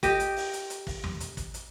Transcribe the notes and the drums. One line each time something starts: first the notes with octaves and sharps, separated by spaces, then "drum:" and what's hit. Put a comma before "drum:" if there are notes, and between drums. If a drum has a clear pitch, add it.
G4 D#5, drum: kick, hi-hat
drum: hi-hat
drum: open hi-hat
drum: hi-hat
drum: hi-hat
drum: kick, open hi-hat
drum: tom E2
drum: hi-hat
drum: kick, hi-hat
drum: hi-hat